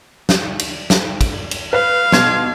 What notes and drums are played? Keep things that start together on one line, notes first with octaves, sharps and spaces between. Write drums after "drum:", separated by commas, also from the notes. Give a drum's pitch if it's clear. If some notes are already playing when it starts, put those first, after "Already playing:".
drum: snare
drum: cymbal
drum: snare
drum: kick, cymbal
drum: cymbal
B4 F5
B2 C6 G#6, drum: snare